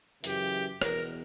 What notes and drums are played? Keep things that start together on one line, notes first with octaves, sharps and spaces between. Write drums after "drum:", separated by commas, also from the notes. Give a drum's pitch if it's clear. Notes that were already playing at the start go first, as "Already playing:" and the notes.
F#2 C#3 E3 G4, drum: hi-hat
E2 B2 A#4, drum: rim click